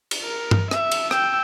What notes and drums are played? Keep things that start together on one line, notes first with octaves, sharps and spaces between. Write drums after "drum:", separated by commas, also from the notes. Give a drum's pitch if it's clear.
drum: cymbal
A#4
drum: tom G2
E5, drum: rim click
drum: cymbal
G5 E6, drum: rim click